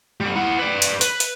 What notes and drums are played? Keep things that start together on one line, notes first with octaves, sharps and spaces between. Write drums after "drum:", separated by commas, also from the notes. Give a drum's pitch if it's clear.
D3 G3
E4 F#5
B4 D5
drum: hi-hat
B4, drum: hi-hat
drum: hi-hat